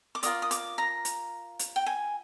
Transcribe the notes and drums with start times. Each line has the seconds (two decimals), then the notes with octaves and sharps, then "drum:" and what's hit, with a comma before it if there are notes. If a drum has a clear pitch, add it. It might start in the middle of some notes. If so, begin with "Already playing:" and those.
0.15 D6
0.23 F4 A#4 D5 D#6, drum: hi-hat
0.42 D#6
0.51 D6, drum: hi-hat
0.78 A#5
1.05 drum: hi-hat
1.59 drum: hi-hat
1.76 G5
1.86 G#5